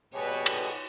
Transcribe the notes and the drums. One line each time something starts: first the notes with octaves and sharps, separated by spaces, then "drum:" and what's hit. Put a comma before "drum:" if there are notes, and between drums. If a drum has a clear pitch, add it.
B2 G3 G4 G#4 B4 C#5
drum: cymbal